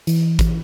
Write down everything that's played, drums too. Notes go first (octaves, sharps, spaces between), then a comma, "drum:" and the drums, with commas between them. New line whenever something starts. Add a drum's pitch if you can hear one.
E3, drum: hi-hat
drum: kick, hi-hat